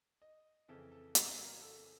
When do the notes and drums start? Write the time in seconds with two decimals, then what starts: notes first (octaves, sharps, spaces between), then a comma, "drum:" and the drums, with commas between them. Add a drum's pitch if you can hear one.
0.22 D#5
0.68 F2 C#3 E3 A4
0.92 A4
1.15 A#4, drum: hi-hat
1.38 A#4
1.62 A4